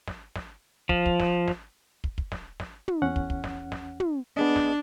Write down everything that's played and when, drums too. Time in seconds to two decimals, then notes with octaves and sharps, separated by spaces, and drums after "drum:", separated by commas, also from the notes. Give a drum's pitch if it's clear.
0.08 drum: snare
0.36 drum: snare
0.89 F3, drum: kick
1.06 drum: kick
1.20 drum: snare
1.48 drum: snare
2.04 drum: kick
2.18 drum: kick
2.32 drum: snare
2.60 drum: snare
2.88 drum: tom
3.02 E2 C#4 F#5
3.16 drum: kick
3.30 drum: kick
3.44 drum: snare
3.72 drum: snare
4.00 drum: tom
4.37 B3 D4 G#4 D#5
4.56 drum: snare